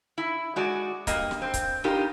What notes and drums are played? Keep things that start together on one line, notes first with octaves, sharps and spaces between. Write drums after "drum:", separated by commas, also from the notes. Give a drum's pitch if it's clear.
E4
G#3 F#4 D5
G2 A#3 D#5, drum: kick C#1, hi-hat
drum: snare
C4
drum: kick C#1, hi-hat
A#2 D4 D#4 F4 G4 A#4